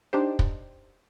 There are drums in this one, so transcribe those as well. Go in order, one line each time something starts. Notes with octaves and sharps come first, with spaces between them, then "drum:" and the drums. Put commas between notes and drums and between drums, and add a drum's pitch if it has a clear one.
D4 D#4 G4 C5
drum: kick